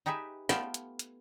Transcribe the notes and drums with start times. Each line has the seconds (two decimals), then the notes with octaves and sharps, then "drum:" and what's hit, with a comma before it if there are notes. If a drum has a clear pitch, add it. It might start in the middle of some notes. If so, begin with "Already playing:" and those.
0.06 D#4 G4 G#4 B4 E5
0.49 A3 B3 F4 F5 G5 A5, drum: snare
0.74 drum: hi-hat
0.99 drum: hi-hat